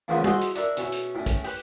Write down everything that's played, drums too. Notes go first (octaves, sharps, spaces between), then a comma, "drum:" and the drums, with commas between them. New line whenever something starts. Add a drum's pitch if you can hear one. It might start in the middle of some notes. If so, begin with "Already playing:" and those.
E2 A2 C#3 F3 A#3 B3
E4 F#4 G#4 C5 D#5, drum: tom
drum: hi-hat
D4 E4 A#4, drum: hi-hat
B2 C#4 E4, drum: hi-hat
drum: hi-hat
A2 C#4
drum: kick, hi-hat
G4 B4, drum: open hi-hat